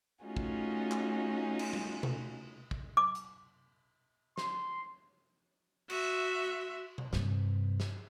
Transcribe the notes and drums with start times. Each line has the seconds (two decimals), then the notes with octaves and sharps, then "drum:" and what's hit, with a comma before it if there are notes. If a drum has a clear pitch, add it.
0.24 A3 C#4 D#4 F4 F#4 G#4
0.36 drum: kick
0.92 drum: clap
1.59 drum: cymbal
1.73 drum: tom G3
2.03 drum: tom B2
2.71 drum: kick
2.97 D6
3.15 drum: hi-hat
4.38 C6, drum: snare
5.90 F#4 E5, drum: cymbal
6.98 drum: tom B2
7.13 G2 C3, drum: snare
7.80 drum: snare